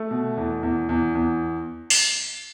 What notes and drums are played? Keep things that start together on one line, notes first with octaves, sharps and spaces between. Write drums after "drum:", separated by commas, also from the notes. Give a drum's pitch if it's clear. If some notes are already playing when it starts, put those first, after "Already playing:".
Already playing: A3
B2
E2
E2
E2
E2
drum: open hi-hat